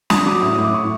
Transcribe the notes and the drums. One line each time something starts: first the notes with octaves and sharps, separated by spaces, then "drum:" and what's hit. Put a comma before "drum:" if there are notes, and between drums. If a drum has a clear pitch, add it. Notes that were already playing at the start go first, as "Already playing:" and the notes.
D4 D#6, drum: snare
F#3 D6
A2 D#6
A2 D#6
D6
A2 C#6